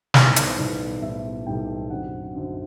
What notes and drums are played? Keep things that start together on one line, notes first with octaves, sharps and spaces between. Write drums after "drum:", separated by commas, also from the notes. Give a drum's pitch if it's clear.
B1 A2 E3 G3 B3 E4, drum: snare
A4, drum: hi-hat
C5
B1 A2 E3 G3 B3 D5
B1 A2 E3 G3 B3 E5
B1 A2 E3 G3 B3 G5
F#2 D3 F#3 C4 F#5
F#2 D3 F#3 C4